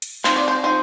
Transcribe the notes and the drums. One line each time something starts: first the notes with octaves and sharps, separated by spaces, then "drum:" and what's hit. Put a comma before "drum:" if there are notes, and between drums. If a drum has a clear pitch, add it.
drum: hi-hat
F3 C4 D#4 C5, drum: clap
D5
C5
F3 C4 D#4 C5